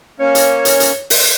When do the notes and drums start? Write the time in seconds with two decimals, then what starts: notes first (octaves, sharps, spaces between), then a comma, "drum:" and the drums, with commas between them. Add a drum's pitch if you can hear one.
0.20 A#3 C#4 C#5
0.35 drum: hi-hat
0.65 drum: hi-hat
0.80 drum: hi-hat
1.10 drum: open hi-hat